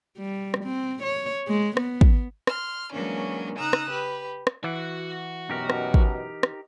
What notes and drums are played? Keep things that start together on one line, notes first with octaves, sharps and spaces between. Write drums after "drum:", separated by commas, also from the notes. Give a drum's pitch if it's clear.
G3
drum: rim click
C4
C#5
G#3
B3, drum: rim click
drum: kick
C6 F6, drum: rim click
E3 F#3 G#3 A#3 C#4 D4
C#3 D#4 A#5 D#6 E6 F#6
drum: rim click
G4 B4
drum: rim click
E3 F#4 F#5
F#2 B2 D#4 G4 A#4
drum: rim click
drum: kick
drum: rim click